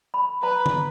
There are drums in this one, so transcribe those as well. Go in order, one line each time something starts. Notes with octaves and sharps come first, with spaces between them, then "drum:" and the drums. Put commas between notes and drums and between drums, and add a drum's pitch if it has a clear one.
B5
B4 A#5
drum: tom